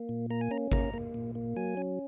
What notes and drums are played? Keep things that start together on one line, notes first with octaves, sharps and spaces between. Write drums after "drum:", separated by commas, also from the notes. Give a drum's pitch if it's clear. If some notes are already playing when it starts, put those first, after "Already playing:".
Already playing: A#3
A#2
A#3 A#5
G#5
C#4 A#5
A#3 A#5, drum: kick G#1
A#3
A#2
A#3
F#3 G#5
C#4